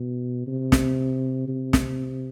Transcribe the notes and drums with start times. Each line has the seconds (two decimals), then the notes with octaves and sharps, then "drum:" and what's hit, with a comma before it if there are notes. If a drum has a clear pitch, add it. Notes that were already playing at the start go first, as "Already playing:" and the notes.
Already playing: B2
0.47 C3
0.72 drum: snare
1.48 C3
1.73 drum: snare